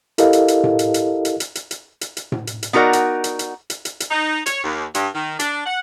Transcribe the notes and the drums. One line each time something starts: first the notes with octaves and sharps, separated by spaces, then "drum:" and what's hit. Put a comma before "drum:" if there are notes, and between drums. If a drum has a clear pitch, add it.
E4 G4 A4 A#4 D#5 F5, drum: hi-hat
drum: hi-hat
drum: hi-hat
drum: tom A2
drum: hi-hat
drum: hi-hat
drum: hi-hat
drum: hi-hat
drum: hi-hat
drum: hi-hat
drum: hi-hat
drum: hi-hat
drum: tom A2
drum: hi-hat
drum: hi-hat
B3 D#4 F#4 A#4 D5 F#5
drum: hi-hat
drum: hi-hat
drum: hi-hat
drum: hi-hat
drum: hi-hat
drum: hi-hat
D#4
C#5, drum: hi-hat
D#2
G2, drum: hi-hat
D#3
D4, drum: hi-hat
F#5